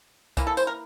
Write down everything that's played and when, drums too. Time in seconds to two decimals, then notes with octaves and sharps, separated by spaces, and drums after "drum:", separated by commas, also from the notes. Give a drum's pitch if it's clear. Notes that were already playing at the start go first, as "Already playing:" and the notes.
0.37 E3 A#3, drum: kick C2, tambourine
0.47 A4
0.57 C5, drum: tambourine
0.67 A#4